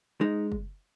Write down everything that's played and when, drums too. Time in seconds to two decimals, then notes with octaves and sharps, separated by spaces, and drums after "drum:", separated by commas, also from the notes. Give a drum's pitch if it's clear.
0.21 G#3 D#4
0.52 drum: kick F#1